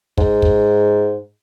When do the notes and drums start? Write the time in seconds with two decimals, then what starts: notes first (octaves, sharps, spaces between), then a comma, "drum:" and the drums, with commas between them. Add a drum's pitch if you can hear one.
0.18 G#2, drum: kick
0.42 drum: kick